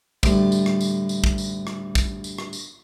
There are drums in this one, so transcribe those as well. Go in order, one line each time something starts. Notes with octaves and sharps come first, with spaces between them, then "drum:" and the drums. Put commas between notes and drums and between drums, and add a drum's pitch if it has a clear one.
D2 A2 G3 A3, drum: kick, tambourine
drum: tambourine
drum: rim click
drum: tambourine
drum: tambourine
drum: kick
drum: tambourine
drum: rim click
drum: kick, tambourine
drum: tambourine
drum: rim click
drum: tambourine